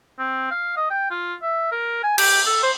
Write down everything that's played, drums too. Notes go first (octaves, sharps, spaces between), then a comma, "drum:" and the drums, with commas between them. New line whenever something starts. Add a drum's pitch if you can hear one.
C4
F5
D#5
G5
F4
E5
A#4
G#5
G4, drum: cymbal
A4
C5